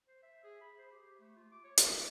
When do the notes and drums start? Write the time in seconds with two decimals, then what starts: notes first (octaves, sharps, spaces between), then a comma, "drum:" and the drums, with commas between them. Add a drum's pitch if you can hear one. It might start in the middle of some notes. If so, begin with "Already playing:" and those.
0.06 C5
0.23 E5
0.44 G#4
0.61 B5
0.78 C5
0.92 G4
1.20 A3
1.36 F4
1.52 D6
1.64 C#5
1.78 D5, drum: hi-hat
1.93 F5